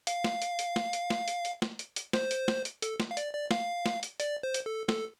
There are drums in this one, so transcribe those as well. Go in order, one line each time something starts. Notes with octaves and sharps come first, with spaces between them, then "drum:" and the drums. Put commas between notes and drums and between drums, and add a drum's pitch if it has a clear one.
F5, drum: hi-hat
drum: snare
drum: hi-hat
drum: hi-hat
drum: snare
drum: hi-hat
drum: snare
drum: hi-hat
drum: hi-hat
drum: snare
drum: hi-hat
drum: hi-hat
C5, drum: snare
drum: hi-hat
drum: snare
drum: hi-hat
A4, drum: hi-hat
drum: snare
F5
D5, drum: hi-hat
D5
F5, drum: snare
drum: snare
drum: hi-hat
D5, drum: hi-hat
C5
drum: hi-hat
A4
A4, drum: snare